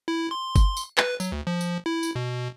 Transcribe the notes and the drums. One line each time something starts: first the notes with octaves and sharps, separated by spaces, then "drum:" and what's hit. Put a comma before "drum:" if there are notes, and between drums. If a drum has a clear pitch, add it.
E4
C6
drum: kick G1, tambourine
drum: tambourine
B4, drum: clap
F#3, drum: tambourine
D2
F3
drum: tambourine
E4
drum: tambourine
B2